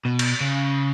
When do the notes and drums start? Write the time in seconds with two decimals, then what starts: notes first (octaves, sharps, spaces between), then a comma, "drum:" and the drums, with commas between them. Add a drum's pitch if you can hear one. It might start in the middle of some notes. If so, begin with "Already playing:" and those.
0.05 B2
0.19 drum: cymbal
0.41 C#3